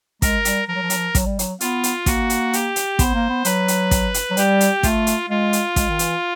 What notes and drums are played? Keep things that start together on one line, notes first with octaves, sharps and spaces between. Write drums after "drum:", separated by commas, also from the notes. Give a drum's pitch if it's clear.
G#3 A#4, drum: kick, hi-hat
G3, drum: hi-hat
F3 A#4
F#3
F3
F#3, drum: hi-hat
F3
F#3, drum: kick, hi-hat
G3
F#3, drum: hi-hat
B3 F4, drum: hi-hat
drum: hi-hat
A#3 F#4, drum: kick, hi-hat
drum: hi-hat
G4, drum: hi-hat
drum: hi-hat
B3 C5, drum: kick, hi-hat
A#3
B3
F#3 B4, drum: hi-hat
drum: hi-hat
drum: kick, hi-hat
drum: hi-hat
F#3
G3 G4, drum: hi-hat
drum: hi-hat
A3 F4, drum: kick, hi-hat
drum: hi-hat
G#3 F4
drum: hi-hat
G#3, drum: kick, hi-hat
D#3
E3, drum: hi-hat